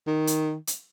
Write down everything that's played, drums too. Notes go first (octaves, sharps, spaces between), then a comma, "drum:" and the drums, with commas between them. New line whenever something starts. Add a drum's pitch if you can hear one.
D#3
drum: hi-hat
drum: hi-hat